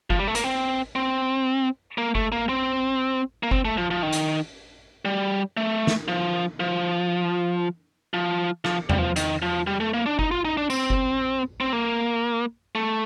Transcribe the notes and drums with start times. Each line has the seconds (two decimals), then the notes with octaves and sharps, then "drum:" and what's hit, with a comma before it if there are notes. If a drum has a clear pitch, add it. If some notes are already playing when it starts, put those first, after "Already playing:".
0.10 F3, drum: kick F#1
0.19 G3
0.28 A3
0.35 A#3, drum: hi-hat
0.44 C4
0.96 C4
1.98 A#3
2.15 A3, drum: kick F#1
2.32 A#3
2.49 C4
3.43 A#3
3.51 C4, drum: kick F#1
3.65 A3
3.77 F3
3.90 F3
4.03 D#3
4.13 drum: hi-hat
5.05 G3
5.57 A3
5.87 drum: snare
6.08 F3
6.60 F3
8.14 F3
8.65 F3, drum: rim click
8.90 G3, drum: tom E2
8.99 F3
9.16 D#3, drum: hi-hat
9.42 F3
9.67 G3
9.80 A3
9.94 A#3
10.06 D4
10.19 D#4, drum: kick F#1
10.31 F4
10.45 D#4
10.57 D4
10.70 C4, drum: tambourine
10.90 drum: kick F#1
11.60 C4
11.73 A#3
12.75 A3